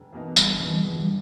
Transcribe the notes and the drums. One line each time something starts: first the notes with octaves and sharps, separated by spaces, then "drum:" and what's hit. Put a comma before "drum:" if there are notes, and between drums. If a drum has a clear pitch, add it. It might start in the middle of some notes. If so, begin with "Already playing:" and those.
Already playing: E1
E2 B2 A#3 D#4
E1 G3, drum: tambourine
E2 B2 E3 A#3 D#4
G3
G1 E3
G3